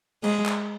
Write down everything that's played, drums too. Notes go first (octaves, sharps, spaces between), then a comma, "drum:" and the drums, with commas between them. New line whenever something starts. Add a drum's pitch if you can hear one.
G#3, drum: cymbal
drum: clap